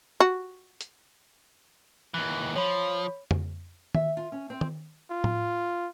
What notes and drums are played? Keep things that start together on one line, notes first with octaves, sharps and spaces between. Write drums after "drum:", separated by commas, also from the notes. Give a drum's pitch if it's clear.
F#4
drum: hi-hat
D#2 E3 F#6
F3 C#5 B5
drum: tom F2
E5, drum: tom D#3
F4
C#4
C4
drum: tom D#3
F4
drum: tom A2